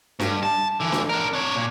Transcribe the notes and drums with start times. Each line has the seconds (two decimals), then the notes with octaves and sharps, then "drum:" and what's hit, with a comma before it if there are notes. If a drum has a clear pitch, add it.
0.20 G2, drum: snare D4
0.43 A5
0.80 D3 E3
0.92 drum: snare D4
1.09 D4 A#4
1.33 D4 C#5
1.56 A#2